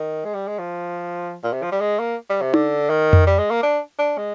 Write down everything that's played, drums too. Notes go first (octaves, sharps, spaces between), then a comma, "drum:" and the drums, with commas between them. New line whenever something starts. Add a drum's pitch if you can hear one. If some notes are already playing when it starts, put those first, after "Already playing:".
Already playing: D#3
G#3
G3
G#3
F3
A#2
C3
F3
G3
G#3
A#3
G3
C3
D3, drum: tom D#4
D#3
drum: tom F2
G3
G#3
A#3
D4
D4
G#3